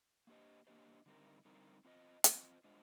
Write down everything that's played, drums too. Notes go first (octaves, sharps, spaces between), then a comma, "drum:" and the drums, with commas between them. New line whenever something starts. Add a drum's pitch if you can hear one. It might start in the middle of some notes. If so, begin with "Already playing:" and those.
A#3 D4 G4 C5 D#5
A#3 D4 G4 C5 D#5
D3 G3 C4 D#4 A#4
D3 G3 C4 D#4 A#4
C4 F4 C5 D#5
C4 F4 C5 D#5, drum: hi-hat
G#3 D4 F4 C5 D#5